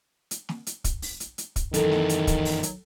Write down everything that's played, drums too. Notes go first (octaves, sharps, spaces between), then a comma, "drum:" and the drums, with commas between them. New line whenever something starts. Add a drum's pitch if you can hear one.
drum: hi-hat
drum: snare
drum: hi-hat
drum: kick, hi-hat
drum: open hi-hat
drum: hi-hat
drum: hi-hat
drum: kick, hi-hat
F#2 D#3 E3 A4, drum: hi-hat
drum: snare
drum: hi-hat
drum: kick, hi-hat
drum: open hi-hat
drum: hi-hat